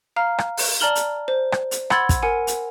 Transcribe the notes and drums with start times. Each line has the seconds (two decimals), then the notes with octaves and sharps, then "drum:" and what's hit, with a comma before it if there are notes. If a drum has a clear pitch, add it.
0.16 F5 A#5 F6
0.38 drum: rim click
0.57 drum: open hi-hat
0.80 D5 A5 A#5 F6 F#7 G7
0.95 drum: hi-hat
1.28 C5
1.52 drum: rim click
1.71 drum: hi-hat
1.90 F#5 B5 C6 E6 G#6 A6, drum: rim click
2.09 drum: kick, hi-hat
2.23 A#4 F#5 G#5
2.47 drum: hi-hat